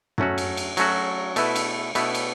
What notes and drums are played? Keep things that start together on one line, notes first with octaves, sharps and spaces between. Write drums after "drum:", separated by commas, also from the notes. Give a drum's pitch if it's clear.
F#3 A3 C#4 F#4, drum: tom F#2
drum: cymbal
drum: cymbal
F#3 A3 C#4 F#4, drum: cymbal
B2 A3 E4 B4, drum: cymbal
drum: cymbal
B2 A3 E4 B4, drum: cymbal
drum: cymbal